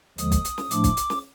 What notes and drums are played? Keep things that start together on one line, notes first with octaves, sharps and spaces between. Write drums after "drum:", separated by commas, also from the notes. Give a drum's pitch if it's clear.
D#2 D3 F3 G#3 D#6, drum: hi-hat
drum: kick, hi-hat
drum: hi-hat
drum: snare
A2 F3 A3 D4 D6, drum: hi-hat
drum: kick, hi-hat
drum: hi-hat
drum: snare